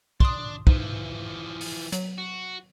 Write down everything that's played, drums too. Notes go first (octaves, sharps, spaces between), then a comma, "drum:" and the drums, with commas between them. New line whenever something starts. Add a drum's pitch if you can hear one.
D4 C6 D#6, drum: kick
G#2 E3 F3, drum: kick
drum: open hi-hat
F#3, drum: hi-hat
F#4